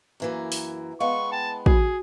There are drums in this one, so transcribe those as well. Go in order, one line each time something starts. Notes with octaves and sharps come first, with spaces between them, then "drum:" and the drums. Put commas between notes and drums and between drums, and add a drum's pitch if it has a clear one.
F#2 E3 A#3
drum: open hi-hat
G#3 B3 F5 C#6
G5 A5
F#4 G#4, drum: kick